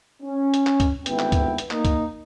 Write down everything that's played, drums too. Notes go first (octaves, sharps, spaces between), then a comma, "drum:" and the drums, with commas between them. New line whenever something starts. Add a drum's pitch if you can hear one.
C#4
drum: hi-hat
drum: clap
drum: kick C#2, hi-hat
G#1 D2 B3 E4 G5, drum: hi-hat
drum: clap
drum: kick C#2, hi-hat
drum: hi-hat
A#3 D#4, drum: clap
drum: kick C#2, hi-hat